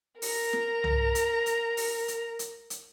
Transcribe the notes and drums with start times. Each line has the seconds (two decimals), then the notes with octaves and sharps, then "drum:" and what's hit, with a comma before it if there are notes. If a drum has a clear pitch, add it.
0.22 A#4 A#5, drum: open hi-hat
0.53 drum: snare
0.84 drum: tom C2
1.15 drum: hi-hat
1.46 drum: hi-hat
1.77 drum: open hi-hat
2.08 drum: hi-hat
2.39 drum: hi-hat
2.70 drum: hi-hat